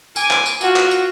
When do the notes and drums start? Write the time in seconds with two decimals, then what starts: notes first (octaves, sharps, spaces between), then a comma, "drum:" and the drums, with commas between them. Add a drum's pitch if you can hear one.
0.16 G#5 D6, drum: tambourine
0.31 drum: clap
0.46 drum: tambourine
0.61 F4 F#4, drum: tambourine
0.76 drum: clap
0.91 drum: tambourine